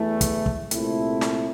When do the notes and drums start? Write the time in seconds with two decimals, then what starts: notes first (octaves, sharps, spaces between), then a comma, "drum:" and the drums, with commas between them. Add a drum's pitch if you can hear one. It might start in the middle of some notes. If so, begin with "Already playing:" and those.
Already playing: E2 E3 A3
0.21 drum: kick, hi-hat
0.46 drum: kick
0.71 C2 A#2 A3 C4 E4, drum: hi-hat
1.21 drum: snare